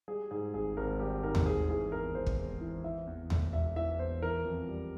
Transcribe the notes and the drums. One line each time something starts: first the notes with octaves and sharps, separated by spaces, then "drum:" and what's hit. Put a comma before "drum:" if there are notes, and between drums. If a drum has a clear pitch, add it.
G3 G#4
G#2 G#4
G#1 G#4
G#1 A#4
G3 G4
G#2 A#4
drum: tom D#2
G#3 G#4
E3 G#4
E2 A#4
E2 C5
drum: kick
G#3
E3
E3 E5
E2
E1, drum: tom D#2
E1 E5
E3 E5
E2 C5
E3 A#4
F2
G3